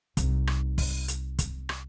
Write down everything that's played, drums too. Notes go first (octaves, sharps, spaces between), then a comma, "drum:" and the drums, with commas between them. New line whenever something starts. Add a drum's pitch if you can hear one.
C2 D#4, drum: kick, hi-hat
drum: rim click
drum: kick, open hi-hat
drum: hi-hat
drum: kick, hi-hat
drum: rim click